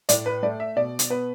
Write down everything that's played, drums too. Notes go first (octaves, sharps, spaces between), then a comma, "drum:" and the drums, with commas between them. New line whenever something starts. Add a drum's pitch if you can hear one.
A2 D5, drum: hi-hat
B4
A3 D5
E5
B2 D5
drum: hi-hat
B3 B4